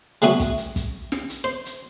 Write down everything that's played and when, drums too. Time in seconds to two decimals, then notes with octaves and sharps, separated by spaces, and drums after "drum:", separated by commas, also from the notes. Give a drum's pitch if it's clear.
0.22 C#3 G3 A3 B3 F#4, drum: hi-hat
0.40 drum: kick, hi-hat
0.58 drum: hi-hat
0.76 drum: kick, hi-hat
1.12 drum: snare
1.30 drum: hi-hat
1.44 C5
1.66 drum: hi-hat